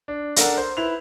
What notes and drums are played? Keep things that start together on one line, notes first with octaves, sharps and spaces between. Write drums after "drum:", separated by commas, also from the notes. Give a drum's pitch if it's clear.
D4
D4 A4 A#4 F#5, drum: hi-hat
C5
E4 B4 F7